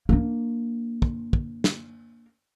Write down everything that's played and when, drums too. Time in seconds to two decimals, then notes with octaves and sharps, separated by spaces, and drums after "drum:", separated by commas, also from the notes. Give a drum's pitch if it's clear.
0.09 A#3 D4
1.02 drum: kick
1.33 drum: kick
1.64 drum: snare